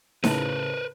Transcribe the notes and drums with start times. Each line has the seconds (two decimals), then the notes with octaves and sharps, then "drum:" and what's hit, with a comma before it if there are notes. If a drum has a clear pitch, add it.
0.24 A2 C#3 A#4 B4 A5, drum: snare D#4